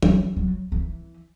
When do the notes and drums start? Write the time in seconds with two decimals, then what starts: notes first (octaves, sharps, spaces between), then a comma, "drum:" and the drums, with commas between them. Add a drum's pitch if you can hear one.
0.03 F#3, drum: tom
0.36 F#3
0.72 E3